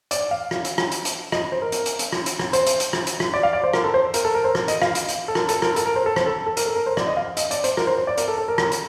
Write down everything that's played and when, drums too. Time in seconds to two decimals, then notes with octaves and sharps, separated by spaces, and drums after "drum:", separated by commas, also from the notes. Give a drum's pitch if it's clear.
0.11 D5, drum: hi-hat
0.31 F5
0.51 drum: rim click
0.65 drum: hi-hat
0.78 drum: rim click
0.91 drum: hi-hat
1.05 drum: hi-hat
1.32 D#5, drum: rim click
1.52 C5
1.62 A#4
1.72 drum: hi-hat
1.86 drum: hi-hat
1.99 drum: hi-hat
2.13 drum: rim click
2.26 drum: hi-hat
2.39 drum: rim click
2.53 C5, drum: hi-hat
2.66 drum: hi-hat
2.80 drum: hi-hat
2.93 drum: rim click
3.07 drum: hi-hat
3.20 drum: rim click
3.34 D5
3.43 F5
3.53 D5
3.64 C5
3.73 A#4, drum: rim click
3.84 A4
3.94 C5
4.14 A#4, drum: hi-hat
4.25 A4
4.34 A#4
4.44 C5
4.55 A#4, drum: rim click
4.68 D#5, drum: hi-hat
4.82 F5, drum: rim click
4.95 drum: hi-hat
5.08 drum: hi-hat
5.28 A4
5.35 A#4, drum: rim click
5.49 A4, drum: hi-hat
5.62 A#4, drum: rim click
5.76 A4, drum: hi-hat
5.86 A#4
5.96 C5
6.06 A4
6.16 C5, drum: rim click
6.26 A4
6.46 A4
6.57 A#4, drum: hi-hat
6.66 A4
6.76 A#4
6.86 C5
6.97 D5, drum: rim click
7.07 D#5
7.17 F5
7.37 D#5, drum: hi-hat
7.51 D5, drum: hi-hat
7.64 C5, drum: hi-hat
7.77 A#4, drum: rim click
7.87 C5
7.97 C5
8.07 D5
8.17 A#4, drum: hi-hat
8.28 A4
8.38 A4
8.48 A#4
8.58 drum: rim click
8.72 drum: hi-hat